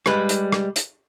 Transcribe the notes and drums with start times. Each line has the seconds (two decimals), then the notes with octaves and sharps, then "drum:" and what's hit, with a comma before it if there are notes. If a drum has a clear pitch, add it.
0.06 G3 G#3 B4, drum: rim click
0.29 drum: hi-hat
0.52 drum: rim click
0.76 drum: hi-hat